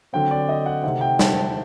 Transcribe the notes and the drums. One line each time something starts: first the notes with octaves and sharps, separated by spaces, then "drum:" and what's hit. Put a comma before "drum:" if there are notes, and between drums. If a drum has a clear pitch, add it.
D3 F#3 C4 G5
D5
D#5
F#5
C3 D#3 A3 C4 F#5
G5
A5, drum: snare